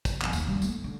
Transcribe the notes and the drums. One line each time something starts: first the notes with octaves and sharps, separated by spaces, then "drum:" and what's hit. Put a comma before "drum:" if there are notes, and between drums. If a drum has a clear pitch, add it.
drum: kick, tambourine
C2 F2, drum: clap
D#2, drum: tambourine
G2 G3
A3, drum: tambourine
D3